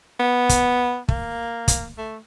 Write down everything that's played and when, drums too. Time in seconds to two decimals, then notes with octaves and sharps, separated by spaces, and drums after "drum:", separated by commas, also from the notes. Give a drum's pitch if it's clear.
0.19 B3
0.49 drum: kick, hi-hat
1.09 A#3, drum: kick
1.68 drum: kick, hi-hat
1.98 A3